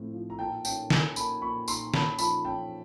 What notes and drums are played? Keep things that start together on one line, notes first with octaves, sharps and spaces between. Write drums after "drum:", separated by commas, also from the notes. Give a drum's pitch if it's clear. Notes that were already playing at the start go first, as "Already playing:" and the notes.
Already playing: A2 F3 C4
F3
A#5
A#2 G5 A5
C#4 G5 A5, drum: tambourine
C#4 G#5 A#5, drum: snare
A#3 A5 B5, drum: tambourine
A#2 B5 C#6
A#2 A#5 C6, drum: tambourine
C#4 A5 B5, drum: snare
F3 A5 B5, drum: tambourine
C#4 G5 A5